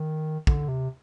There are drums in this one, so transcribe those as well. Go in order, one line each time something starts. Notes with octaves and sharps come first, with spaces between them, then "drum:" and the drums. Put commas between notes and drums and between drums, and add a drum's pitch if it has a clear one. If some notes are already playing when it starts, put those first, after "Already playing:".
Already playing: D#3
D3, drum: kick
C3